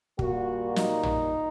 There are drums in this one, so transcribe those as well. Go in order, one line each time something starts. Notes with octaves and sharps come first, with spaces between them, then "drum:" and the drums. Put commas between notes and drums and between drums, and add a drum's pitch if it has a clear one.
A#2 G3 A#3 F#4, drum: kick
D#4, drum: snare
drum: tom